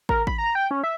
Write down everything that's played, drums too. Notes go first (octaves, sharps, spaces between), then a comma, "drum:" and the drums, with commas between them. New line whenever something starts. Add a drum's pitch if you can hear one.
A#4, drum: kick
B5, drum: kick
A#5
G5
C#4
E5